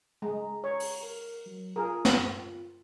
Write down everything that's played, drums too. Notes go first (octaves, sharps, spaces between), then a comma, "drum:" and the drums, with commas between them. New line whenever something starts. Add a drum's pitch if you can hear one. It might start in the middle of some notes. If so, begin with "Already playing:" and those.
G#3 A#5
C#5
drum: open hi-hat
A#4
F#3
F4 G#4 A#4
drum: snare